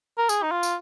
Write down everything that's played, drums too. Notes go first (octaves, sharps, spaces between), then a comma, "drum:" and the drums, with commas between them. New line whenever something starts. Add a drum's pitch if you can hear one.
A#4
G#4, drum: tambourine
D#4
F4
drum: tambourine